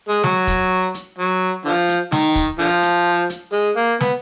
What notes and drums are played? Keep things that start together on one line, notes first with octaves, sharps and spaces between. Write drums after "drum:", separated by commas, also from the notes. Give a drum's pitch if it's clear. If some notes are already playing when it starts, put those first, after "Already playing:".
G#3
F#3, drum: snare
drum: kick, hi-hat
drum: hi-hat
F#3
D3 F3
drum: hi-hat
D#3, drum: snare
drum: kick, hi-hat
D3 F3
drum: hi-hat
drum: hi-hat
G#3
A#3
B3, drum: snare